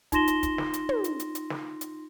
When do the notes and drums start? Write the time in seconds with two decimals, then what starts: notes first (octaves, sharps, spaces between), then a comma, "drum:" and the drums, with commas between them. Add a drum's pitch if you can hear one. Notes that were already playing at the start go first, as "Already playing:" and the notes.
0.12 D#4 F4 C6 A#6 E7 G7, drum: kick, hi-hat
0.27 drum: hi-hat
0.43 drum: kick, hi-hat
0.58 drum: snare
0.74 drum: hi-hat
0.89 drum: tom
1.04 drum: hi-hat
1.20 drum: hi-hat
1.35 drum: hi-hat
1.50 drum: snare
1.81 drum: hi-hat